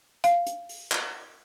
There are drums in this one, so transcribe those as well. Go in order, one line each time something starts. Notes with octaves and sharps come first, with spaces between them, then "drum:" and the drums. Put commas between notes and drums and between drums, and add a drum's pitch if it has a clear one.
F5, drum: hi-hat
drum: hi-hat
drum: open hi-hat
drum: clap